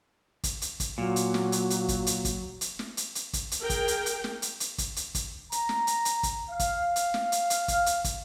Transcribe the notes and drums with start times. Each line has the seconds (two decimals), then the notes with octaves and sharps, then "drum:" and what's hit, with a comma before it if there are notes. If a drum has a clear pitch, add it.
0.44 drum: kick, hi-hat
0.62 drum: hi-hat
0.80 drum: kick, hi-hat
0.98 A#2 F#3
1.16 drum: hi-hat
1.34 drum: snare
1.52 drum: hi-hat
1.70 drum: hi-hat
1.88 drum: kick, hi-hat
2.07 drum: hi-hat
2.25 drum: kick, hi-hat
2.61 drum: hi-hat
2.79 drum: snare
2.97 drum: hi-hat
3.15 drum: hi-hat
3.33 drum: kick, hi-hat
3.51 drum: hi-hat
3.61 G#4 A#4 G5
3.70 drum: kick, hi-hat
3.88 drum: hi-hat
4.06 drum: hi-hat
4.24 drum: snare
4.42 drum: hi-hat
4.60 drum: hi-hat
4.78 drum: kick, hi-hat
4.96 drum: hi-hat
5.15 drum: kick, hi-hat
5.52 A#5, drum: hi-hat
5.69 drum: snare
5.87 drum: hi-hat
6.05 drum: hi-hat
6.23 drum: kick, hi-hat
6.50 F5
6.59 drum: kick, hi-hat
6.96 drum: hi-hat
7.14 drum: snare
7.32 drum: hi-hat
7.50 drum: hi-hat
7.68 drum: kick, hi-hat
7.86 drum: hi-hat
8.04 drum: kick, hi-hat